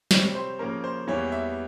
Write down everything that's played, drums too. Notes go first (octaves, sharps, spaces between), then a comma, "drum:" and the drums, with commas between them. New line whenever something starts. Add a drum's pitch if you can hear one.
C3 G3 C4 C#5, drum: snare
C5
C#3 F3 A#3 C#4 A#4
C5
E2 E3 G3 A#3 C#5
E5